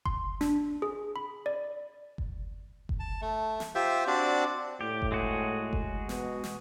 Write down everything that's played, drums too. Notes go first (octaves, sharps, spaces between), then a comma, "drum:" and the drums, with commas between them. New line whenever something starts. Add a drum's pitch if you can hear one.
C6, drum: kick F#1
D4, drum: snare
G#4
B5
D5
drum: kick F#1
drum: kick F#1
A5
A3
drum: snare
F4 G4 C5 E5
C4 D4 F#4 D5
A2 G4
drum: kick F#1
G#3 F#4 G#4
drum: kick F#1
B2, drum: snare
drum: snare